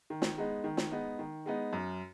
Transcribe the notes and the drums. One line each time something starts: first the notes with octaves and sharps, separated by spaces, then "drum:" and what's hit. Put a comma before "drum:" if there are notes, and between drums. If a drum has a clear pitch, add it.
D#3
drum: snare
G#3 B3 D#4
D#3
drum: snare
G#3 B3 D#4
D#3
G#3 B3 D#4
F#2